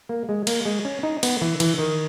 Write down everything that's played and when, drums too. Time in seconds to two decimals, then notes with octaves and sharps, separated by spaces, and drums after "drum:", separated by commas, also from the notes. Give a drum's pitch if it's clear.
0.09 A#3
0.29 G#3
0.47 A#3, drum: cymbal
0.65 G#3
0.85 C#4
1.03 D#4
1.23 B3, drum: cymbal
1.41 E3
1.60 E3, drum: cymbal
1.78 D#3